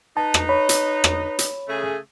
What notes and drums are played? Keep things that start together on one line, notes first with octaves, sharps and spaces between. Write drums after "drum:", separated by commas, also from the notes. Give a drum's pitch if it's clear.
D#4 B4 A5
drum: rim click
C#5 B5
drum: hi-hat
drum: rim click
drum: hi-hat
C#3 A3 G#4